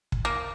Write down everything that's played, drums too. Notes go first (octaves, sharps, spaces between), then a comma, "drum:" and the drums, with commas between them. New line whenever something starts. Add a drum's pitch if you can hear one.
drum: kick
A#3